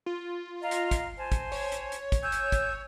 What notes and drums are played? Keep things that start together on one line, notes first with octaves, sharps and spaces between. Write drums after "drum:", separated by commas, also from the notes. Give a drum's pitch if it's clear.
F4
D#5 F5 A#5
drum: hi-hat
drum: kick, hi-hat
C5 G#5 A5
drum: kick, hi-hat
C#5, drum: open hi-hat
drum: hi-hat
drum: hi-hat
drum: kick, hi-hat
G#5 E6 G6
drum: hi-hat
drum: kick, hi-hat